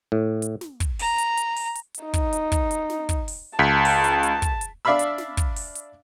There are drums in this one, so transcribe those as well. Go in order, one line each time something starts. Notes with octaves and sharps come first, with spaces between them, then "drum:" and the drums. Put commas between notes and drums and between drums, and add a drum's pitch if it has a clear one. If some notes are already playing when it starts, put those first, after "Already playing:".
A2
drum: hi-hat
drum: snare
drum: kick, hi-hat
A#5, drum: open hi-hat
drum: hi-hat
drum: hi-hat
drum: open hi-hat
drum: hi-hat
drum: hi-hat
D#4
drum: kick, hi-hat
drum: hi-hat
drum: kick, hi-hat
drum: hi-hat
drum: snare
drum: kick, hi-hat
drum: open hi-hat
C#2 A5 B6
drum: open hi-hat
drum: hi-hat
drum: hi-hat
drum: kick, hi-hat
drum: hi-hat
D4 D5 E5 F5 B5 E6
drum: hi-hat
drum: snare
drum: kick, hi-hat
drum: open hi-hat
drum: hi-hat